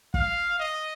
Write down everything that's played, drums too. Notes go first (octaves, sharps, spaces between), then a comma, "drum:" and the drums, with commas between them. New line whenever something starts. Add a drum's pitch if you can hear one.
F5, drum: kick
D#5